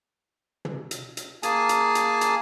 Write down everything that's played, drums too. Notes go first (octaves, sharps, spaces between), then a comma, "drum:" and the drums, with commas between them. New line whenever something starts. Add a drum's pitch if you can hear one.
drum: tom
drum: hi-hat
drum: hi-hat
A#3 G#4 G#5 A5, drum: hi-hat
drum: hi-hat
drum: hi-hat
drum: hi-hat